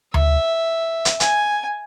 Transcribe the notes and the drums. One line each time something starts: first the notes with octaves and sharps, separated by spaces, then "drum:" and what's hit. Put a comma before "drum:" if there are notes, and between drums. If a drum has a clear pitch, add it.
E5, drum: tom D2
drum: hi-hat
G#5, drum: hi-hat